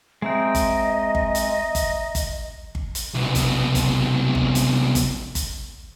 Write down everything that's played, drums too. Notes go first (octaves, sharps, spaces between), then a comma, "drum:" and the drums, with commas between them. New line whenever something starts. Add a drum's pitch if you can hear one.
G#3 C4 D#5 E5 G5 A#5 D#6
drum: kick G1, hi-hat
drum: kick G1
drum: hi-hat
drum: kick G1, hi-hat
drum: kick G1, hi-hat
drum: kick G1
drum: hi-hat
C2 B2
drum: kick G1, hi-hat
drum: kick G1, hi-hat
drum: kick G1
drum: hi-hat
drum: kick G1, hi-hat
drum: kick G1, hi-hat